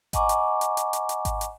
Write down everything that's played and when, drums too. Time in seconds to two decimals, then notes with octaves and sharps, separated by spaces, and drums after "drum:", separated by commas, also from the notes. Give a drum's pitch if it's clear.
0.13 D#5 F#5 G#5 A#5 C#6 D6, drum: kick G#1, hi-hat
0.29 drum: hi-hat
0.61 drum: hi-hat
0.77 drum: hi-hat
0.93 drum: hi-hat
1.09 drum: hi-hat
1.25 drum: kick G#1, hi-hat
1.41 drum: hi-hat